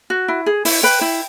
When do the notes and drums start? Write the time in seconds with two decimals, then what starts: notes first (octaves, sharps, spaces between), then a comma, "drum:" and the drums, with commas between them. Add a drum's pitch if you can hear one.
0.10 F#4
0.28 E4
0.46 G#4
0.65 E4, drum: open hi-hat
0.83 B4 G5
1.01 E4